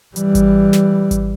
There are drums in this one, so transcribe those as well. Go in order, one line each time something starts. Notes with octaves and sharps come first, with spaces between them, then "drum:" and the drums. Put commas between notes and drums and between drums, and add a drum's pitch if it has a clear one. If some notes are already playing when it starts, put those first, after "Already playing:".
E3 G3, drum: hi-hat
drum: kick G#1, hi-hat
drum: snare
drum: kick G#1, hi-hat